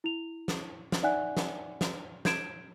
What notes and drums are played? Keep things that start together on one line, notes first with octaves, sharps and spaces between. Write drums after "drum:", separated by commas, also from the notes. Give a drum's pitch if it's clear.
E4 F7
drum: snare
drum: snare
D#4 D5 E5 F#5 G#5 F#6
drum: snare
drum: snare
G6 G#6 D7 E7, drum: snare